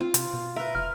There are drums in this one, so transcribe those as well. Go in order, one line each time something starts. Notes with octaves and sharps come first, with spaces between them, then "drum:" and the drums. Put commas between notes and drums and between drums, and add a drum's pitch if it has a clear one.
C4 F4
C3, drum: hi-hat
B2
A#4 B4 E5
F1 F6